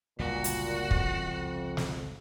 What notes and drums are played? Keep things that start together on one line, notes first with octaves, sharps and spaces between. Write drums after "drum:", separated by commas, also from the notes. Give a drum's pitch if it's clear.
G1 C#2 A#2 D3 F#4
drum: hi-hat
F2, drum: kick
drum: snare